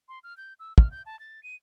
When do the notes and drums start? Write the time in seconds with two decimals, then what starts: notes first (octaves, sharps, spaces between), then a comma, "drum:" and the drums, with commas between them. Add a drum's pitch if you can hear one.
0.08 C6
0.24 F6
0.37 G6
0.59 E6
0.78 F6, drum: kick
0.91 G6
1.06 A5
1.19 A6
1.43 D#7